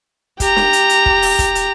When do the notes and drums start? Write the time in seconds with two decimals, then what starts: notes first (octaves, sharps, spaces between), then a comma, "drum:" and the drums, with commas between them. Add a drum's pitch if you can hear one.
0.40 G4 A#5, drum: kick, hi-hat
0.56 drum: snare
0.73 drum: hi-hat
0.89 drum: hi-hat
1.06 drum: kick
1.22 drum: open hi-hat
1.39 drum: kick, hi-hat
1.55 drum: hi-hat